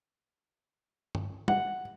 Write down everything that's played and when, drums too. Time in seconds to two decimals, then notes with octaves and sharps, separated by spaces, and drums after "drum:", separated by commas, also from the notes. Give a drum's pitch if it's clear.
1.15 drum: tom
1.48 F#5, drum: tom